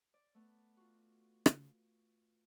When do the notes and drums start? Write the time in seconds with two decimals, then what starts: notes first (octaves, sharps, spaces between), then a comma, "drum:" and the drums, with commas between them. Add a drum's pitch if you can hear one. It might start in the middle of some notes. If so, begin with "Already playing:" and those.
0.14 D5
0.35 A3 B3
0.77 F4 F#4
1.46 drum: rim click